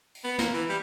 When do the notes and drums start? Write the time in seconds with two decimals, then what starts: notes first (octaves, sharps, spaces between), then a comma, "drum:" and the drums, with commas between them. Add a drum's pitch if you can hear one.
0.15 drum: open hi-hat
0.24 B3
0.38 A#3, drum: snare
0.54 E3
0.69 G3